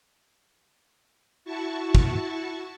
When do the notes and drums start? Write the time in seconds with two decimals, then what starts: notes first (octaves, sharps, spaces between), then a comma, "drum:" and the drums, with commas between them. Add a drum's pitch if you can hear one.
1.45 E4 F#4 A5 C#6
1.95 drum: kick